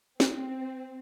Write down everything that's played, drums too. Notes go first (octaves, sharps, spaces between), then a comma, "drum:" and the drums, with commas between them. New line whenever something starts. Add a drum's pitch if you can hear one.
C4, drum: snare